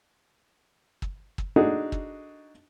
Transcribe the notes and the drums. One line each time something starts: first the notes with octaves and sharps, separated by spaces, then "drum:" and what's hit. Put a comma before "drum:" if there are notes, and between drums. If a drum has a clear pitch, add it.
drum: kick
drum: kick
D4 D#4 F#4 G#4 A4
drum: kick